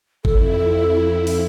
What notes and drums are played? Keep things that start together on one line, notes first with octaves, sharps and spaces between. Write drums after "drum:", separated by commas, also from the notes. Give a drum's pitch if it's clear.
F2 E4 A4, drum: kick G1
drum: open hi-hat